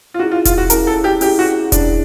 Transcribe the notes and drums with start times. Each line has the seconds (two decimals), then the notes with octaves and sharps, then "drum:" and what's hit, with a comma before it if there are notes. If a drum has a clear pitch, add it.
0.14 F4
0.19 C#4 E4 F#4 G#4
0.31 F4
0.45 F4, drum: kick E1, hi-hat
0.58 F#4
0.70 C#4 E4 G#4 A#4, drum: hi-hat
0.87 A4
1.04 G4
1.21 C#4 E4 G4 G#4, drum: open hi-hat
1.39 F#4
1.72 C#4 D4 E4 G#4, drum: kick E1, hi-hat